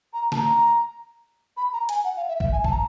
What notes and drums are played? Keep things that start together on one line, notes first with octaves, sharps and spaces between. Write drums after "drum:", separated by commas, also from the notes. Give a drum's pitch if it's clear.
A#5
A5, drum: snare
A#5
B5
A#5
G#5, drum: hi-hat
F#5
F5
E5
E5, drum: kick
G#5
A5, drum: kick
A#5